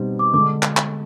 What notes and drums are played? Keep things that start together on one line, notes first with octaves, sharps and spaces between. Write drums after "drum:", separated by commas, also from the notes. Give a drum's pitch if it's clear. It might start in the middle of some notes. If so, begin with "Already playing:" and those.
Already playing: B2 G3 C4 D#4
D6
D3 G#3 D4 D6
drum: clap
drum: clap